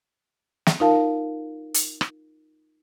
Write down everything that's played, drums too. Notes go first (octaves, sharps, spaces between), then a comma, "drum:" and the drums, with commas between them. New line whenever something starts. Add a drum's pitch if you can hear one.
drum: snare
D#4 F4 A#4 F5 A5
drum: hi-hat
drum: rim click